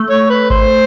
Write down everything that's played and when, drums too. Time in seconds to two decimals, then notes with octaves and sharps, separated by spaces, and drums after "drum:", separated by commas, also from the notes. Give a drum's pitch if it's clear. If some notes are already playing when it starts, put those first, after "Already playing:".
Already playing: A3
0.10 C#5
0.30 B4
0.50 C5, drum: kick G1